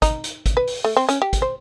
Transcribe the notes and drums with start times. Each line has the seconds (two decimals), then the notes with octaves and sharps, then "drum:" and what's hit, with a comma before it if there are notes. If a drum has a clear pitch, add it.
0.02 D#4, drum: kick, hi-hat
0.24 drum: hi-hat
0.46 drum: kick, hi-hat
0.57 B4
0.67 drum: open hi-hat
0.84 A3
0.97 C4
1.09 C#4, drum: hi-hat
1.22 G4
1.33 drum: kick, hi-hat
1.42 C5